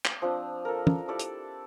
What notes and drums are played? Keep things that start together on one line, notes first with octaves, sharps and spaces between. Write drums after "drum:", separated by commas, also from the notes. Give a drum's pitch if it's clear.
drum: clap
F3 C4 D4
A4 A#4
drum: tom
E4 G4 A4 D5
drum: hi-hat